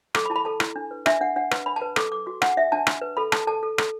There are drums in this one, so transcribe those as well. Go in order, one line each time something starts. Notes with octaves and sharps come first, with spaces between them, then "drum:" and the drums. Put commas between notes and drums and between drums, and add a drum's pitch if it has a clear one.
A4 D6, drum: rim click
B5
E4 A5
B5
A4 A5
E4, drum: rim click
D4
B4
D4 E5, drum: rim click
D4 F#5
D4 F#5
B4, drum: rim click
D4 B5
A5
B4
A4 D6, drum: rim click
A4 D6
F#4 D6
D4 F#5, drum: rim click
D4 E5
D4 A5
D4, drum: rim click
B4
A4 B5
A4 A5, drum: rim click
A4 A5
A4
A4, drum: rim click